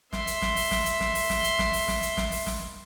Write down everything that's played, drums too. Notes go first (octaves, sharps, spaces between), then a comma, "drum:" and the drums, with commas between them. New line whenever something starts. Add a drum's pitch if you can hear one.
E5 C6, drum: snare
drum: hi-hat
drum: snare
drum: open hi-hat
drum: snare
drum: hi-hat
drum: snare
drum: open hi-hat
drum: snare
drum: hi-hat
drum: snare
drum: open hi-hat
drum: snare
drum: hi-hat
drum: snare
drum: open hi-hat
drum: snare